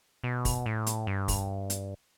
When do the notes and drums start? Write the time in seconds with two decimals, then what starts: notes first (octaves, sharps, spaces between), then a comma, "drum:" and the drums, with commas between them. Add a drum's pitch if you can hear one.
0.24 B2
0.45 drum: kick, open hi-hat
0.66 A2
0.87 drum: hi-hat
1.07 G2
1.28 drum: kick, open hi-hat
1.70 drum: hi-hat